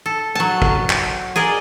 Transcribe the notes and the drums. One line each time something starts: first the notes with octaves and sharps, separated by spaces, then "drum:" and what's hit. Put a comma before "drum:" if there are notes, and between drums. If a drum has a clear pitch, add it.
A4
F#3 A5
drum: kick
drum: clap
G#4 A#4 D5 D#5